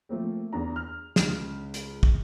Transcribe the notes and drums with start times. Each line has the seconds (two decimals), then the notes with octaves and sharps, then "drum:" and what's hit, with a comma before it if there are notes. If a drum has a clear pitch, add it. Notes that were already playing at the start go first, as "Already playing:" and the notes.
0.09 F3 A3 A#3 C4
0.53 E2 D4 A#5
0.76 F6
1.16 C#2, drum: snare
1.74 drum: hi-hat
2.03 drum: kick